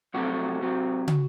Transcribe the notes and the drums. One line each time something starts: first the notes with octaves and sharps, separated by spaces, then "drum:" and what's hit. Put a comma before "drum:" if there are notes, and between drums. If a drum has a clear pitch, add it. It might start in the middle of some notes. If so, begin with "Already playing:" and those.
F2 C3 F#3 A3 C4 F#4
C3 F#3 C4
drum: tom